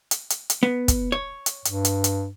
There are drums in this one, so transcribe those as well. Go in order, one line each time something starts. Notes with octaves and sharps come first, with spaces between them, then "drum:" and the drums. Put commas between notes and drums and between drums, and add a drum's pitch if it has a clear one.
drum: hi-hat
drum: hi-hat
drum: hi-hat
B3
drum: kick, hi-hat
C#5
drum: hi-hat
G2, drum: hi-hat
drum: hi-hat
drum: hi-hat